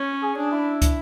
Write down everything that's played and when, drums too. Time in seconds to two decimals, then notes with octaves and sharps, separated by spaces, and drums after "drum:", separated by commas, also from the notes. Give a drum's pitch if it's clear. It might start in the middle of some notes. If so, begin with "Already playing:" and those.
Already playing: C#4
0.22 G#4
0.37 D4
0.52 E4
0.82 drum: kick, hi-hat